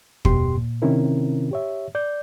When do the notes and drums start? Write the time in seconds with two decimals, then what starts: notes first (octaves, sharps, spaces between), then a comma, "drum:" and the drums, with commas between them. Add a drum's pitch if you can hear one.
0.25 F#2 B2 G4 C6, drum: kick
0.57 A#2
0.82 C3 D#3 C4 C#4 E4 A#4
1.51 G4 C#5 E5
1.95 D5 G6